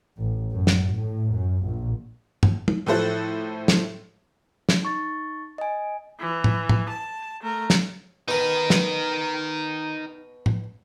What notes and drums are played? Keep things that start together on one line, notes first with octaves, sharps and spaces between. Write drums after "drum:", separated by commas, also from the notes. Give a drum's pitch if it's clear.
A1
F#2
drum: snare
A2
F#2
A#1
drum: tom
drum: tom
A2 F3 A4 C5 F#6
drum: snare
drum: snare
D#4 C#6 A6
D#5 G#5
E3
drum: tom
drum: tom
A5
A3 A#4
drum: snare
B2 D#4 A#4 B4
drum: snare
drum: tom